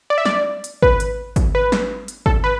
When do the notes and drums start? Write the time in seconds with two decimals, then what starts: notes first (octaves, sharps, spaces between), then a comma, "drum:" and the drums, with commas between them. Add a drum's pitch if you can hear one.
0.10 D5
0.18 E5
0.25 D5, drum: snare
0.64 drum: hi-hat
0.82 B4, drum: kick G#1
1.00 drum: hi-hat
1.36 drum: kick G#1, hi-hat
1.55 B4
1.72 drum: snare
2.08 drum: hi-hat
2.26 A4, drum: kick G#1
2.44 B4